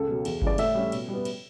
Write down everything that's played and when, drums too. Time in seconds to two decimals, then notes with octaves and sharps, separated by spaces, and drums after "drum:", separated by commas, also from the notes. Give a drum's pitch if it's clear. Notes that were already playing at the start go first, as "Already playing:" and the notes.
Already playing: C#2 A4
0.08 B2 F#3
0.25 E2, drum: cymbal
0.42 C#3 E3 G3 D5, drum: kick G1
0.58 A2 E5, drum: cymbal
0.75 G3 C#4
0.92 B2, drum: cymbal
1.08 G3
1.13 B3
1.25 drum: cymbal